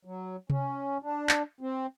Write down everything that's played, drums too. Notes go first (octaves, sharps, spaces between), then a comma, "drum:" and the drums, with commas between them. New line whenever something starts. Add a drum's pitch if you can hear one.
F#3
C#4, drum: tom C3
D4
drum: clap
C4